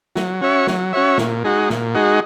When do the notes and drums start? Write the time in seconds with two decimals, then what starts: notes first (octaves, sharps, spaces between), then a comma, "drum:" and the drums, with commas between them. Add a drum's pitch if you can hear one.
0.16 F#3, drum: snare
0.41 C#4 F#4 C#5 E5
0.67 F#3, drum: snare
0.93 C#4 F#4 C#5 E5
1.18 A#2, drum: snare
1.44 G#3 D#4 F#4
1.70 A#2, drum: snare
1.95 G#3 D#4 F#4